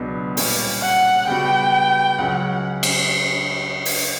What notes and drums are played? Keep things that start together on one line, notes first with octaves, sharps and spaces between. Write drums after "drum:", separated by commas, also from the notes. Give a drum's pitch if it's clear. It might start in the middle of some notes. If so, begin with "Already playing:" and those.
Already playing: C#2 B2 F#3 B3 D4
A#2 G3 C#4, drum: open hi-hat
F#5
C#3 G3 B3 F#4 G5
C#2 C#3 F#3 C#4 F#5
drum: cymbal
drum: open hi-hat